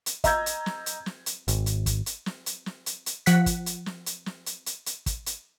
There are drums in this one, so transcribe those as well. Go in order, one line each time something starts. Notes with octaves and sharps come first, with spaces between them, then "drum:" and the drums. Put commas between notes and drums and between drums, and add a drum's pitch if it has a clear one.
drum: hi-hat
D#5 A#5 E6 G6 G#6, drum: kick, hi-hat
drum: hi-hat
drum: snare
drum: hi-hat
drum: snare
drum: hi-hat
G#1, drum: hi-hat
drum: hi-hat
drum: kick, hi-hat
drum: hi-hat
drum: snare
drum: hi-hat
drum: snare
drum: hi-hat
drum: hi-hat
F3 F#5 F#6 B6, drum: hi-hat
drum: kick, hi-hat
drum: hi-hat
drum: snare
drum: hi-hat
drum: snare
drum: hi-hat
drum: hi-hat
drum: hi-hat
drum: kick, hi-hat
drum: hi-hat